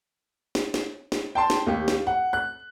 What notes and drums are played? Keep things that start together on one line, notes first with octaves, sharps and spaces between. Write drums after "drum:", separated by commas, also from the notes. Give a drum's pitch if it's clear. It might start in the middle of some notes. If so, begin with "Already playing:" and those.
drum: snare
drum: snare
drum: snare
G5 A5 C6
drum: snare
D#2 G4
drum: snare
F#5
F#6